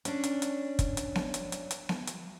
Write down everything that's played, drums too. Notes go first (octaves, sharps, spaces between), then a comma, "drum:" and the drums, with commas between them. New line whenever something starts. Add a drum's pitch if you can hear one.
C#4 D4, drum: hi-hat
drum: hi-hat
drum: hi-hat
drum: kick, hi-hat
drum: hi-hat
drum: snare B3
drum: hi-hat
drum: hi-hat
drum: hi-hat
drum: snare B3
drum: hi-hat